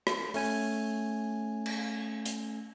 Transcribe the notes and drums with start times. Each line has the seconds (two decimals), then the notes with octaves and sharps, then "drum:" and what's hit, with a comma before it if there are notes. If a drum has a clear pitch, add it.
0.07 drum: rim click
0.34 A3 C#4 G#5, drum: open hi-hat
1.66 drum: cymbal
2.26 drum: hi-hat